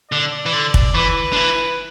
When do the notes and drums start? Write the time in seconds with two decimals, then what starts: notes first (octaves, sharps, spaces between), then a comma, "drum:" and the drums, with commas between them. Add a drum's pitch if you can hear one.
0.11 D3 D5
0.46 E3
0.53 D3
0.74 drum: kick
0.94 E3 B4
1.32 D3
1.36 E3